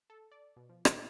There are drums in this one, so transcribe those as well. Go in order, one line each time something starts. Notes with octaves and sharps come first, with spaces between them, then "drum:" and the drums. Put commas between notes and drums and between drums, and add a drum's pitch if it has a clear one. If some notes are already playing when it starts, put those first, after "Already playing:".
A4
D5
B2
F3
A#2, drum: rim click